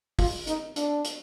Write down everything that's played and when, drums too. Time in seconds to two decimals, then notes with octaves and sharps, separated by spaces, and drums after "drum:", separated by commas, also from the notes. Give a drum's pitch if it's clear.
0.19 F4, drum: kick, open hi-hat
0.47 D#4, drum: hi-hat
0.76 D4, drum: hi-hat
1.05 drum: hi-hat